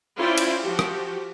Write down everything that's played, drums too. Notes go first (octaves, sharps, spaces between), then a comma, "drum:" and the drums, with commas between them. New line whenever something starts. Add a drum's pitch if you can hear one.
C#4 E4 F4 C5 D5 G5
drum: cymbal
F3 F#4 G4
drum: rim click